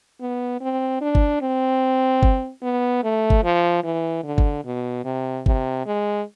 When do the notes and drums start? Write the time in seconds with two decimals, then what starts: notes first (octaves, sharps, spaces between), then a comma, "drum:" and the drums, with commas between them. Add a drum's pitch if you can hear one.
0.21 B3
0.61 C4
1.01 D4
1.15 drum: kick G1
1.42 C4
2.23 drum: kick G1
2.62 B3
3.03 A3
3.30 drum: kick G1
3.43 F3
3.84 E3
4.24 D3
4.38 drum: kick G1
4.65 B2
5.05 C3
5.46 C3, drum: kick G1
5.86 G#3